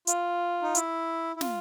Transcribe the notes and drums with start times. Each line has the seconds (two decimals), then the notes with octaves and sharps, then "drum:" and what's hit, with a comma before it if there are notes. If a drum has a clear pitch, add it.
0.07 F4, drum: hi-hat
0.62 D#4
0.75 E4, drum: hi-hat
1.36 E4
1.41 F4, drum: snare